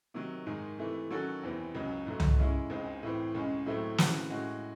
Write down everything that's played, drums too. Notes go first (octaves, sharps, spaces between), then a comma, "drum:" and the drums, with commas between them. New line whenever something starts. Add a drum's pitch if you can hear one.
C3 D#3 F#3
G#2 D#3 G#3 D#4
C3 E3 A3
D#3 F#3 C#4 F#4 A4
E2 C3 E3 C4
C#2 C#3 F#3
G#2 F#3 A3
drum: tom
C#3 G#3 C#4 E4
C#2 C#3 G#3 C4 D#4
A2 E3 C4
C#2 C#3 G#3 C#4
A2 F#3 A3 C4
C#3 E3 C4 F#4, drum: snare
A2 G#3 C#4 F#4